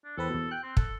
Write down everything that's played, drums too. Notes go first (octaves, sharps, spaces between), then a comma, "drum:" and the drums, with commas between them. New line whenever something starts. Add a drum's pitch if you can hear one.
D4
E2 C4 A4 B4
E2 B2
G5 F#6
C4
A4, drum: kick